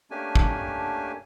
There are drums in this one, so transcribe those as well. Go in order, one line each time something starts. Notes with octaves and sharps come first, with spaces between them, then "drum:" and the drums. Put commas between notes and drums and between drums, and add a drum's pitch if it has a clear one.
A3 A#3 C#4 D4 G4 G#5
drum: kick